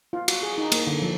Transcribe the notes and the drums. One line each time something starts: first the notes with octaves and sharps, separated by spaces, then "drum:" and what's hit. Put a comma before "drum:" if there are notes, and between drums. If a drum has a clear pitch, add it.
F4
F#4, drum: cymbal
G#4
D#4
A#3, drum: cymbal
D3
F3